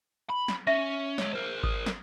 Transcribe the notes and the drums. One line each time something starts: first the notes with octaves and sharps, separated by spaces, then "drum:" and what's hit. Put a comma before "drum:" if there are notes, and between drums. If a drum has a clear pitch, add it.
B5
drum: snare
C#4 E5
G#3 C#5, drum: snare
A#4 C5
D#6, drum: kick G#1
drum: snare